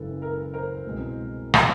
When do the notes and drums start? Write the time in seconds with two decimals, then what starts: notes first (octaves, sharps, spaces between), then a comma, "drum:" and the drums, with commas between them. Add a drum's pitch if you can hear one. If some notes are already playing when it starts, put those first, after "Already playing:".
Already playing: F#1 F#2 C#3 E3 G#3 A4 B4
0.22 A#4
0.54 A#4 C5
0.84 C2 B2 G#3 C4
1.54 drum: rim click